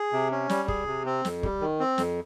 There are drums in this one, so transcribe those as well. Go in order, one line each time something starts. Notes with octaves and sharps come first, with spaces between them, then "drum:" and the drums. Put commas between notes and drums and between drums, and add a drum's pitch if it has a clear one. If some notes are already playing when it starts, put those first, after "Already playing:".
Already playing: G#4
C3
C#4
G3, drum: snare
G#4, drum: kick
C3
C4
F2, drum: snare
G3, drum: kick
D#3
C4
F2, drum: snare